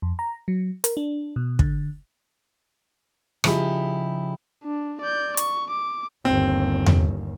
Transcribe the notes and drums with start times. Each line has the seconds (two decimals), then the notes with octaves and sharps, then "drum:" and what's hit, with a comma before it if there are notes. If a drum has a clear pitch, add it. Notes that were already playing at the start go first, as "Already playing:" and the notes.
0.02 F2
0.19 A#5
0.48 F#3
0.84 A#4, drum: hi-hat
0.97 D4
1.36 B2
1.59 D3, drum: kick
3.44 C#3 F3 D#4 E4 G4, drum: rim click
4.64 D4
5.01 D5 G6
5.37 C#6, drum: hi-hat
5.70 D6
6.25 G1 D#2 C4
6.86 drum: tom E2